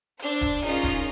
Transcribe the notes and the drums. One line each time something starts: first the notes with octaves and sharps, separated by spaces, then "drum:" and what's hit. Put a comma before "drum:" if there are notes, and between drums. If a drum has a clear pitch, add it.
D4 C5 E6, drum: hi-hat
drum: kick E1, hi-hat
C#4 D#4 F4 G#4 A#4, drum: hi-hat
drum: kick E1, hi-hat